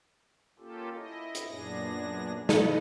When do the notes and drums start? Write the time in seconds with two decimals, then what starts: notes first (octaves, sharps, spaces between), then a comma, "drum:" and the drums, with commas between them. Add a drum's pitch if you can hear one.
0.59 A#3 C#4 F4 G4 A4
0.95 E4 D#5
1.35 drum: hi-hat
1.47 F#2 A#2 B3 D4 G#4 A#6
2.49 D#4 B4 D#5, drum: snare